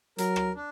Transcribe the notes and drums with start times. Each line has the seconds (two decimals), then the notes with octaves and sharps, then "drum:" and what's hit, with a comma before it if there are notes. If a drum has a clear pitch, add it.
0.18 F#3 A#4, drum: hi-hat
0.36 drum: rim click
0.55 D4